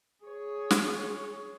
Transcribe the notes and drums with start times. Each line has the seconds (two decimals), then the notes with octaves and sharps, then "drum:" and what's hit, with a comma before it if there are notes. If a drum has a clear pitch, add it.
0.25 G#4 C#5
0.71 drum: snare